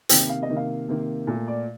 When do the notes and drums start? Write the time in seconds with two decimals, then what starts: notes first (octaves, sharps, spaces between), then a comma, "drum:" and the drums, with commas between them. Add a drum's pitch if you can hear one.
0.09 C3 D#3 A#3 G5, drum: hi-hat
0.29 F5
0.43 D#5
0.49 C3 D#3 A#3
0.57 F5
0.88 C3 D#3 A#3
1.27 A#2 A3
1.47 D5